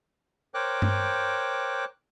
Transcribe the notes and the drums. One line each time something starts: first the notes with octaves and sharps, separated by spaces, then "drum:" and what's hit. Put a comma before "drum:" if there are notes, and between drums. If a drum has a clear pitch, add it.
A#4 C5 C#5 G5 D6 F#6
drum: tom G2